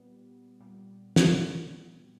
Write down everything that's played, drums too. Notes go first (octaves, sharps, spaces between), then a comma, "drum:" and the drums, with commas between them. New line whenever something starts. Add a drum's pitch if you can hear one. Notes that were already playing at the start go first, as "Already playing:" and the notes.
Already playing: A#2 G3 B3
A#2 G3 B3
drum: snare
A#2 G3 B3